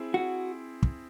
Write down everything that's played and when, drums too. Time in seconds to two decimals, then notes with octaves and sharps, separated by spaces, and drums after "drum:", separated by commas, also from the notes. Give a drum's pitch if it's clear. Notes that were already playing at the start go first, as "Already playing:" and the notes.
Already playing: C4 E4 G#4
0.14 F#4
0.83 drum: kick